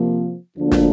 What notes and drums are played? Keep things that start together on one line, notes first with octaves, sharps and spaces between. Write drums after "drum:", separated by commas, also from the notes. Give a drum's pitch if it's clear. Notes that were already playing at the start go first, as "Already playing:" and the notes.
Already playing: C3 F3 A#3
D2 D3 F3 A#3 D4
drum: snare